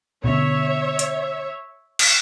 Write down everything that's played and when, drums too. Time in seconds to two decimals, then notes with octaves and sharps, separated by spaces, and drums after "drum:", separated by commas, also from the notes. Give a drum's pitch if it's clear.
0.24 B2 D3 C#5 E5
0.99 drum: hi-hat
1.99 drum: cymbal